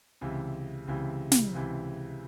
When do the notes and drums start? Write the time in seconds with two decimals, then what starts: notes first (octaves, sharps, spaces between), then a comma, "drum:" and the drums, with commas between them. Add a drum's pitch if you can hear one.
0.21 C#2 C3 E3
0.87 C#2 C3 E3
1.32 drum: snare
1.53 C#2 C3 E3